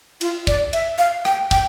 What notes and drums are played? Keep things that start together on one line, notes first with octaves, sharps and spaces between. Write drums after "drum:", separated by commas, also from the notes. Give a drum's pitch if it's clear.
F4, drum: cymbal
D5, drum: kick
E5, drum: cymbal
F5
G5, drum: rim click
G5, drum: kick